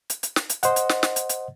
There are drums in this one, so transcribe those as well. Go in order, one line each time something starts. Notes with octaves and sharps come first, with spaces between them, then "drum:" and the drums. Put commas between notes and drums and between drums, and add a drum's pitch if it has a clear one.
drum: hi-hat
drum: hi-hat
drum: snare
drum: hi-hat
C5 D#5 F#5, drum: hi-hat
drum: hi-hat
drum: snare
drum: snare
drum: hi-hat
drum: hi-hat